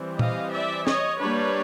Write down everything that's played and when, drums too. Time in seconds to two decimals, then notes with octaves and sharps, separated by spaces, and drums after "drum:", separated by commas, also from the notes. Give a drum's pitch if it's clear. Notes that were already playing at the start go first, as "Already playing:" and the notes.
Already playing: E3 G3 C4
0.19 D#5 F5, drum: tom A#2
0.53 D5 E5
0.87 C#5 D#5, drum: snare
1.21 G3 A#3 D4 B4 C#5